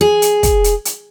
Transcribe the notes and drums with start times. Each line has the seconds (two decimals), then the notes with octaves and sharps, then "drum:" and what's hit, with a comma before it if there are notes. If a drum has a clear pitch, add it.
0.01 G#4
0.22 drum: hi-hat
0.43 drum: kick, hi-hat
0.64 drum: hi-hat
0.85 drum: hi-hat